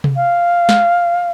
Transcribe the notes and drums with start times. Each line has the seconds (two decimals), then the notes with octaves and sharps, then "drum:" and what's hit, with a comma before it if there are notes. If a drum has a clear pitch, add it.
0.04 drum: tom C3
0.16 F5
0.69 drum: snare